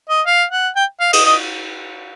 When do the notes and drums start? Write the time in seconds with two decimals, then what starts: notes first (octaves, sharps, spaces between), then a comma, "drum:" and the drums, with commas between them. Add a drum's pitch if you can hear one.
0.10 D#5
0.26 F5
0.51 F#5
0.76 G5
1.00 F5
1.13 D#5, drum: cymbal
1.25 D#5